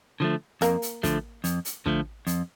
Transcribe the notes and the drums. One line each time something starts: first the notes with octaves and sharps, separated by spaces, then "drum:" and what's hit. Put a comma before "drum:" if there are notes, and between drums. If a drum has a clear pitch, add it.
D3 F3 A3
F2 A#3, drum: hi-hat
drum: hi-hat
D3 F3 A3, drum: kick, hi-hat
F2, drum: hi-hat
drum: hi-hat
D3 F3 A3, drum: kick
F2, drum: hi-hat